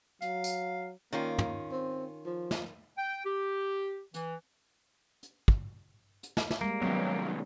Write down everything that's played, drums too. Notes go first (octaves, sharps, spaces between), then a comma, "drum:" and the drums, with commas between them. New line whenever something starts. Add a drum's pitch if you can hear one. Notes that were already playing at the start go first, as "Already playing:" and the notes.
F#3 F5, drum: hi-hat
drum: tambourine
D#3 A#3 C#4 F4
drum: tom
C4
F3
drum: snare
G5
G4
E3, drum: hi-hat
drum: hi-hat
drum: kick
drum: hi-hat
drum: snare
drum: snare
G3 G#3 A#3
C2 D#3 F#3 B3 C#4